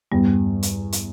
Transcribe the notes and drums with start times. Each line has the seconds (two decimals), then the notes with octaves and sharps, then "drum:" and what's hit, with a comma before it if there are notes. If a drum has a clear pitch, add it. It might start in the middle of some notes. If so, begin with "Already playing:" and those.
0.12 E2 G2 G3
0.63 drum: hi-hat
0.92 drum: hi-hat